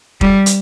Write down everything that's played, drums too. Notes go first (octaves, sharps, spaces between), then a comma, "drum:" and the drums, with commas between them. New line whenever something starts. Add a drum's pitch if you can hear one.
G3, drum: kick F1
drum: hi-hat